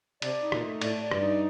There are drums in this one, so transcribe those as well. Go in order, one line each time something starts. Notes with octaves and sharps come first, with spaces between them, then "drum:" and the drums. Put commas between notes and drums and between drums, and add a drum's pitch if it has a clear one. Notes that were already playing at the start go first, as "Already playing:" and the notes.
C3 D5, drum: cymbal
D#4
A#2, drum: rim click
A3
A2 D5, drum: cymbal
D5
G2, drum: rim click
D#4